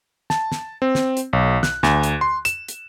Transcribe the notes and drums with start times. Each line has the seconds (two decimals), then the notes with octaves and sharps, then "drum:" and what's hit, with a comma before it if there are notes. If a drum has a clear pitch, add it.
0.30 A5, drum: snare
0.52 drum: snare
0.82 C4
0.95 drum: snare
1.17 drum: hi-hat
1.33 B1
1.63 F#6, drum: snare
1.83 D2, drum: snare
2.03 drum: hi-hat
2.21 C6
2.45 E7, drum: hi-hat
2.68 drum: hi-hat